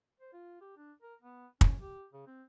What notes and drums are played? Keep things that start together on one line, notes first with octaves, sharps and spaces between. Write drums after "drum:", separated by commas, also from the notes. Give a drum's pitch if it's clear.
C5
F4
G4
D4
A#4
B3
C#4, drum: kick
G4
C#3
C4